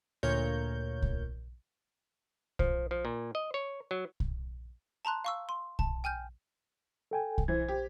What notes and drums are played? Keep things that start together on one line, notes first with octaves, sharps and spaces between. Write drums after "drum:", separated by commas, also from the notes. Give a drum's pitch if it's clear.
D2 A#2 A#4 C#5 G6
drum: kick B1
F3, drum: kick B1
F3
A#2
D#5
C#5
F#3
drum: kick B1
A5 A#5 C6 F#6
F5 C#6 E6
C6
A5, drum: kick B1
G5 G#5 F6 G6
A4 G5 G#5
drum: kick B1
E3 C5 G#6
G4